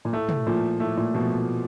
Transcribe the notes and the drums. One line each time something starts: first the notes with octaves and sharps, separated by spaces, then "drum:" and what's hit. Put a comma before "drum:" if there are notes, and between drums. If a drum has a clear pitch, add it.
A#2
A2 A3
drum: tom
A#2 F3
A2 A3
A#2
B2 F3